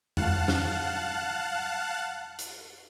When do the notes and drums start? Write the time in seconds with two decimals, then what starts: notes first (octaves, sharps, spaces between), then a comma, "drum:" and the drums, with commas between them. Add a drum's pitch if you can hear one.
0.17 F5 F#5 A5 F#6, drum: tom
0.48 drum: snare
2.39 drum: hi-hat